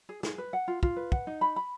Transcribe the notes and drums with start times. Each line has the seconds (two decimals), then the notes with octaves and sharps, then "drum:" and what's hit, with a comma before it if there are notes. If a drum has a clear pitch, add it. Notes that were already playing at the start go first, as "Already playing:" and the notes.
0.09 G#4
0.23 G#4, drum: snare
0.38 B4
0.53 F#5
0.68 F4
0.83 F4, drum: kick
0.97 B4
1.12 F#5, drum: kick
1.27 D#4
1.41 B5
1.56 B5